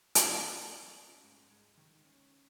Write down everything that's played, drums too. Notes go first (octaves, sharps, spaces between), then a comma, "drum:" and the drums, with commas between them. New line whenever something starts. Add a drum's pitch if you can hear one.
C#3, drum: hi-hat
D#4
A#3
C#4
G#2
G#3
D#3
C#4